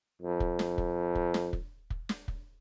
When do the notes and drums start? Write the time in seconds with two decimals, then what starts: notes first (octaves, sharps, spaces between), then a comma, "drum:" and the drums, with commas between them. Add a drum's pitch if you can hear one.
0.22 F2
0.40 drum: kick
0.59 drum: snare
0.78 drum: kick
1.15 drum: kick
1.34 drum: snare
1.53 drum: kick
1.90 drum: kick
2.09 drum: snare
2.28 drum: kick